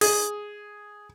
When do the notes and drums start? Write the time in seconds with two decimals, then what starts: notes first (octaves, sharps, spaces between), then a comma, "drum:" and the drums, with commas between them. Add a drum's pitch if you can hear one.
0.01 G#4, drum: open hi-hat